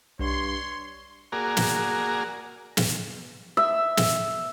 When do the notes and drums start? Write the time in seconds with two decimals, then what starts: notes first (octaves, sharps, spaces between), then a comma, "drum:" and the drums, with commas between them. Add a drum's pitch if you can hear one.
0.19 B1 G2 C#5 C6
1.32 A#3 F#4 G#4 A#4 D5
1.57 drum: snare
2.77 drum: snare
3.57 E5
3.97 drum: snare